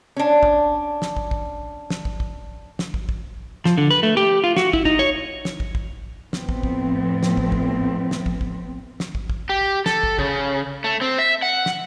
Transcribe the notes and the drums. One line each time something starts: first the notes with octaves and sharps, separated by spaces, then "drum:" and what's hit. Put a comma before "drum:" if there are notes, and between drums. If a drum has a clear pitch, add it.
C#4 D4
drum: kick
drum: snare
drum: kick
drum: kick
drum: snare
drum: kick
drum: kick
drum: snare
drum: kick
drum: kick
F3, drum: snare
D3
B4
A3
G4
F4
F#4, drum: snare
E4, drum: kick
D#4, drum: kick
C#5
drum: snare
drum: kick
drum: kick
F2 A2 F3 B3 C4, drum: snare
drum: kick
drum: kick
drum: snare
drum: kick
drum: kick
drum: snare
drum: kick
drum: kick
drum: snare
drum: kick
drum: kick
G4
A4, drum: snare
drum: kick
C#3, drum: kick
A3
C4
E5
F#5
drum: snare